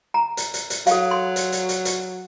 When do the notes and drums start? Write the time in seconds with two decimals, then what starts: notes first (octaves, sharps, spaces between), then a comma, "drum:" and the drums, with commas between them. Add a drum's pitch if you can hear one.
0.14 A#5
0.37 drum: hi-hat
0.54 drum: hi-hat
0.70 drum: hi-hat
0.87 F#3 A4 F5, drum: hi-hat
1.11 C6
1.36 drum: hi-hat
1.52 drum: hi-hat
1.69 drum: hi-hat
1.85 drum: hi-hat